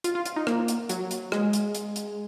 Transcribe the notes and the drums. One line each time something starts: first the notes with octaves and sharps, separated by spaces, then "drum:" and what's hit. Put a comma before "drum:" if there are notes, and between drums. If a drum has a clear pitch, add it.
F4, drum: hi-hat
F4
F4, drum: hi-hat
D#4
A#3, drum: rim click
drum: hi-hat
F#3, drum: hi-hat
drum: hi-hat
G#3, drum: rim click
drum: hi-hat
drum: hi-hat
drum: hi-hat